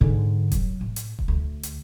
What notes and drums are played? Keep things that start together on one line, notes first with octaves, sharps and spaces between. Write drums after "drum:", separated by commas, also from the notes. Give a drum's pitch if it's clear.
G#2 D3
F#3, drum: kick D#1, hi-hat
A2
drum: hi-hat
drum: kick D#1
D2
drum: hi-hat